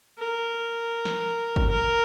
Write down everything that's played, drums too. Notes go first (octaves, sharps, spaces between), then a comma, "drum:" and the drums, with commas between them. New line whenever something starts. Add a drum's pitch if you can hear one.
A#4
drum: snare
drum: kick G1
A#4